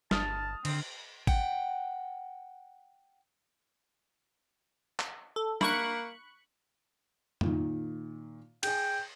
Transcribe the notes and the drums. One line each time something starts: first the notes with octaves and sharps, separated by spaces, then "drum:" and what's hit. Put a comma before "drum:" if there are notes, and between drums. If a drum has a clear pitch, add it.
G1 A5 D#6 F6 A6, drum: snare
D3 D#3 C4, drum: cymbal
F#5 G5, drum: kick G#1
drum: clap
A4
A#3 B5 C#6 F#6, drum: snare
A#2 D#3, drum: tom
G#4 G5 G#5, drum: cymbal